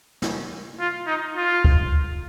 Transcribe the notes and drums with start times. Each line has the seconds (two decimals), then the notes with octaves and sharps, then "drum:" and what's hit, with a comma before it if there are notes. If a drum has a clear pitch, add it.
0.22 drum: snare
0.80 F4
1.07 D#4
1.36 F4
1.65 drum: kick